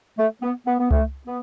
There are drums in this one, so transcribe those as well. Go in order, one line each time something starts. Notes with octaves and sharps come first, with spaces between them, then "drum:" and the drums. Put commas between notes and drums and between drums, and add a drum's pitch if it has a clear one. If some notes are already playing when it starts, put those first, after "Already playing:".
A3
B3
B3
B3
A3, drum: kick C#2
B3